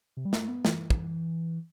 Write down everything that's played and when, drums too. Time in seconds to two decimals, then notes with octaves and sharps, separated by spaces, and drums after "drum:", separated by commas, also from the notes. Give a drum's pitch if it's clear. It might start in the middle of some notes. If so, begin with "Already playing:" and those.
0.17 C3
0.25 G3
0.33 A3, drum: snare
0.48 B3
0.65 E3, drum: snare
0.90 drum: kick